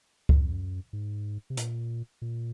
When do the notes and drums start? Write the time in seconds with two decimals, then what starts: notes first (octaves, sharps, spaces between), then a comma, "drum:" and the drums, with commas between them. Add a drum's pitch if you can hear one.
0.29 F#2, drum: kick C#2
0.40 F2
0.50 F#2
0.93 G#2
1.50 C3
1.57 A#2, drum: hi-hat
2.22 A#2